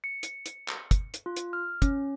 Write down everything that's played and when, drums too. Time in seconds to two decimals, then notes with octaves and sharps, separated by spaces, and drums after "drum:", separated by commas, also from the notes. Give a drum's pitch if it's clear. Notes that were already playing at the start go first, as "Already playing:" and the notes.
0.04 C#7
0.23 drum: hi-hat
0.46 drum: hi-hat
0.68 drum: clap
0.91 drum: kick, hi-hat
1.14 drum: hi-hat
1.26 F4
1.36 drum: hi-hat
1.53 F6
1.82 C#4, drum: kick, hi-hat